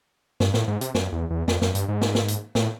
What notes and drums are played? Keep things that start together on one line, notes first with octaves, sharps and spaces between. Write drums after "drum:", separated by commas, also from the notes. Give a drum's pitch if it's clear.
G2, drum: snare
A2, drum: snare
G#2
C3, drum: hi-hat
F#2, drum: snare
E2
E2
F2, drum: snare
F#2, drum: snare
G2, drum: hi-hat
G#2
drum: snare
drum: snare
drum: hi-hat
A2, drum: snare